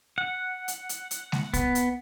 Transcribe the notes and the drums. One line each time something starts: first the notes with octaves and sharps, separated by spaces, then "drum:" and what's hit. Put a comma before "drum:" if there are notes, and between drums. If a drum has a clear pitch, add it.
F#5
drum: hi-hat
drum: hi-hat
drum: hi-hat
drum: snare G#3
B3, drum: kick, hi-hat
drum: hi-hat